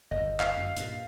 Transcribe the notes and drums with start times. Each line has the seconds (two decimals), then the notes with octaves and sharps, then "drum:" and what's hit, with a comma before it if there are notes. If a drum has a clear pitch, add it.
0.11 G1 E2 D#5
0.40 F5, drum: clap
0.57 F#2
0.77 G2 A#2, drum: hi-hat